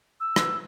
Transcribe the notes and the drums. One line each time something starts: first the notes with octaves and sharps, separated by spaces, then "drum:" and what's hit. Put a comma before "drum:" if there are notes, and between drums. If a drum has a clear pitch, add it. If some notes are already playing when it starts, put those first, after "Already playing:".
E6
drum: rim click